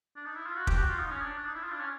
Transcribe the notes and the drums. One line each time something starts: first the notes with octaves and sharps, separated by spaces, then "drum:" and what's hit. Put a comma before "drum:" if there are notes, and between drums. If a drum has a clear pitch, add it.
D4
D#4
E4
F4
F#4
G4, drum: kick
F#4
F4
D#4
C#4
D4
D4
D#4
E4
F4
D4
C#4